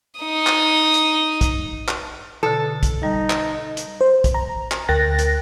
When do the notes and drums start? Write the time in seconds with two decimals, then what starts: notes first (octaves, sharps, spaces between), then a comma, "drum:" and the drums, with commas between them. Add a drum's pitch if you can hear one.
0.21 D#4 D#6
0.47 drum: clap
0.94 drum: hi-hat
1.41 drum: kick, hi-hat
1.88 drum: clap
2.43 B2 D3 A4
2.83 drum: kick, hi-hat
3.03 G3 D#4
3.30 drum: clap
3.77 drum: hi-hat
4.01 C5
4.24 drum: kick, hi-hat
4.34 A#5
4.71 drum: clap
4.89 D2 A#4 G5 F#6 A6 A#6
5.19 drum: hi-hat